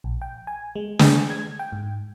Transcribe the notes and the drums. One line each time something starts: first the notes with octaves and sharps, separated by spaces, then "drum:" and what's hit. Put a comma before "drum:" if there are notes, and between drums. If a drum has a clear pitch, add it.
A#1
G5
G#5
G#3
G#4, drum: snare
G#6
G5
G#2